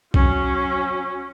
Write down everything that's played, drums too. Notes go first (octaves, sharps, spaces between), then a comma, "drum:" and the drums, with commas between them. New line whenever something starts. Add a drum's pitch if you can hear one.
F#3 C#4, drum: kick B1